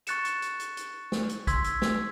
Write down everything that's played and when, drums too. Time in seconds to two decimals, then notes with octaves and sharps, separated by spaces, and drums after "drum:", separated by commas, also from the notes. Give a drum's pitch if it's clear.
0.07 C#6 F#6 A6 C#7 E7, drum: hi-hat
0.25 drum: hi-hat
0.42 drum: hi-hat
0.60 drum: hi-hat
0.77 drum: hi-hat
1.12 drum: snare
1.29 drum: hi-hat
1.47 C6 E6 G#6 B6, drum: kick B1, hi-hat
1.64 drum: hi-hat
1.82 drum: snare